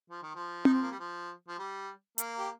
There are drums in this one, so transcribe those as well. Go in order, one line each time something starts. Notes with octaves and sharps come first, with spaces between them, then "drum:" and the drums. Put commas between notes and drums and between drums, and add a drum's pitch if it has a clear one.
F3
D#3
F3
D#4, drum: tom C4
C4
A#3
G3
F3
F3
G3
A#3, drum: hi-hat
G4